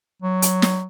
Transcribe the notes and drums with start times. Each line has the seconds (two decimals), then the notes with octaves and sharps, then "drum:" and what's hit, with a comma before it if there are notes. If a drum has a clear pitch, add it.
0.22 F#3
0.42 drum: hi-hat
0.62 drum: snare